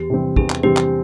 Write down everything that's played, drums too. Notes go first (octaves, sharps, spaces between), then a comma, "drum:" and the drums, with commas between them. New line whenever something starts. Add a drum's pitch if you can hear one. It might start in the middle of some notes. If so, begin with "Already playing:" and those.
Already playing: E2 G4
C3 E3 G3 C4
E2 G#4, drum: kick
drum: clap
C3 E3 G3 C4 G4
drum: clap